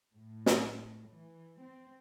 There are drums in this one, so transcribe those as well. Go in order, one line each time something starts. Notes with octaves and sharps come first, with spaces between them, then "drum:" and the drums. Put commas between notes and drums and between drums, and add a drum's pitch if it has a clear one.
A2
drum: snare
E3
C4